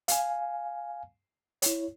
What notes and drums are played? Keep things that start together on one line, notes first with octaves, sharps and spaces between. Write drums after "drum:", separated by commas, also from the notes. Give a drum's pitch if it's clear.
F5 G#5, drum: hi-hat
E4 C#5, drum: hi-hat